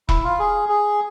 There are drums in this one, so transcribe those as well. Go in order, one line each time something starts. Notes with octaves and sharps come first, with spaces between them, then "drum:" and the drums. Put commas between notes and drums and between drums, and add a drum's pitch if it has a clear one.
E4, drum: kick E1
F4
G#4
G#4